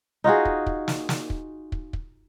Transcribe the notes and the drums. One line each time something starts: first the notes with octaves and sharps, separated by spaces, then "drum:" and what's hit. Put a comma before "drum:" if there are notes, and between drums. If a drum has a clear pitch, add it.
D#4 F4 F#4 G#4
drum: kick
drum: kick
drum: snare
drum: snare
drum: kick
drum: kick
drum: kick